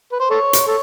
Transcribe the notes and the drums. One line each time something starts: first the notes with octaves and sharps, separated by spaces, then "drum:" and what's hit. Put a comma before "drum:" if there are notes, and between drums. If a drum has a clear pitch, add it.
B4
C5
A4 C#5
drum: hi-hat
A4 C#5